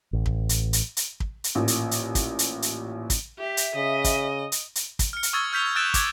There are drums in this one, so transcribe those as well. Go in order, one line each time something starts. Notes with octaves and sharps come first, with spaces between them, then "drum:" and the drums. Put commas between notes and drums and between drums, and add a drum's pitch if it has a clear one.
A1
drum: kick
drum: hi-hat
drum: hi-hat
drum: hi-hat
drum: kick
drum: hi-hat
A1 A#2
drum: hi-hat
drum: hi-hat
drum: kick, hi-hat
drum: hi-hat
drum: hi-hat
drum: kick, hi-hat
G4 E5
drum: hi-hat
C#3 D#5
drum: kick, hi-hat
drum: hi-hat
drum: hi-hat
drum: kick, hi-hat
F6 C#7
drum: hi-hat
C#6 D#6 E6 G#6 A6
F6 G6 B6 F7
E6 F#6 A6 D7 E7
D6 G#6, drum: kick, hi-hat